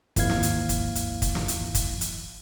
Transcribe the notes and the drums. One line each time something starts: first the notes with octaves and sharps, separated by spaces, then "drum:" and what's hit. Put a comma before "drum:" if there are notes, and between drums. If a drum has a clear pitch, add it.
G#1 D#2 F3 E4 F5 G#6, drum: kick, hi-hat
drum: snare
drum: hi-hat
drum: kick, hi-hat
drum: hi-hat
drum: kick, hi-hat
drum: snare
drum: hi-hat
drum: kick, hi-hat
drum: hi-hat